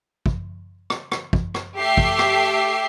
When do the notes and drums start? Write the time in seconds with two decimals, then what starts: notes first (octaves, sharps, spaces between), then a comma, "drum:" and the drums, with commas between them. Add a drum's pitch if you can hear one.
0.26 drum: kick
0.90 drum: rim click
1.12 drum: rim click
1.33 drum: kick
1.54 drum: rim click
1.76 A3 G4 E5 C7
1.97 drum: kick
2.19 drum: rim click